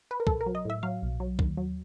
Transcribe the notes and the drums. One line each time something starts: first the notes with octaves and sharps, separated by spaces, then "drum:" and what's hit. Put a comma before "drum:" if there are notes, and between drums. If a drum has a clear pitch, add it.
B4
A#4
B1 A4, drum: kick
A#4
F#3
D#5
A2 E5
F#3 F5
B1
F#3
D#2, drum: kick
F#3